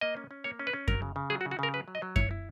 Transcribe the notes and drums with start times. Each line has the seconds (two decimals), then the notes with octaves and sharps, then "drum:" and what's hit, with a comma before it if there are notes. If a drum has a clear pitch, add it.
0.01 A#3 D#5
0.17 C#4
0.31 C#4
0.44 A#3 C#5
0.59 C#4
0.67 B4
0.73 C#4
0.88 F#3 A#4, drum: kick F#2
1.02 C#3
1.16 C#3
1.30 F#3 G#4
1.41 F#4
1.45 C#3
1.51 F#4
1.59 C#3 A#4
1.74 F#3 B4
1.88 F#3
1.95 D#5
2.02 F#3
2.16 E4 C#5, drum: kick F#2
2.31 E4